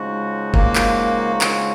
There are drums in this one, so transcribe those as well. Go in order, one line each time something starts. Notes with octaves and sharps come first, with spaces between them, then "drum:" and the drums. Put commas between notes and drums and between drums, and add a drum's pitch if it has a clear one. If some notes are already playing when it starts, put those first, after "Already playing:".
Already playing: C#3 F3 G#3 D#4 F#4
A#3, drum: kick F#1
drum: clap
drum: clap